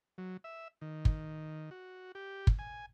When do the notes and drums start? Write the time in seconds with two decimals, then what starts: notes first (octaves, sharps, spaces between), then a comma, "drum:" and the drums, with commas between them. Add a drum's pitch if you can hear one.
0.18 F#3
0.44 E5
0.82 D#3
1.05 drum: kick
1.71 F#4
2.15 G4
2.47 drum: kick
2.59 G#5